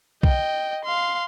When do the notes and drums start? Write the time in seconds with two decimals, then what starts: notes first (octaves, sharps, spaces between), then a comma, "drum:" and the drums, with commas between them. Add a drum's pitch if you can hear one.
0.23 D#5 G5, drum: kick B1
0.85 F5 C6